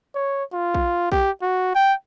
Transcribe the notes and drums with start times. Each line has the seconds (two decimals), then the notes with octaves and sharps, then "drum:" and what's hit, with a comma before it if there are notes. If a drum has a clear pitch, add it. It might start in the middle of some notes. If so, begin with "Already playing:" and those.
0.15 C#5
0.52 F4
0.74 drum: kick A#1
1.12 G4, drum: kick A#1
1.42 F#4
1.75 G5